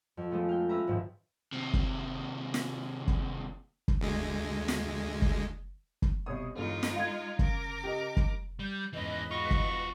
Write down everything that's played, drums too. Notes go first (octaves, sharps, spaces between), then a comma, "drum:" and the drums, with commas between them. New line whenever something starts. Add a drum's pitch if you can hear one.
F2
F3 G#3 A3 B3 C4
F5 G5
C#4 B4 E5 A#5
G#1 D#2 G#2 F3
D#2 C3
drum: kick
drum: snare
drum: kick
drum: kick
D2 G#3
drum: snare
drum: kick
drum: kick
C2 B2 C#5 D#6
G1 E2 G#3 D#4 F4
drum: snare
F5 G#6
C#3 A#4 D6, drum: kick
G4 D#5
drum: kick
G3 G6
E2 G#2 E3 C#4 B4 D#5
F4 F#4 C#6
drum: kick